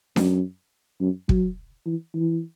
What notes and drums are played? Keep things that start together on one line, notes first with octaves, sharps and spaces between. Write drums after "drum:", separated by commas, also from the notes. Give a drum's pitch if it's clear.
F#2, drum: snare D4
F#2
F#3, drum: kick
E3
E3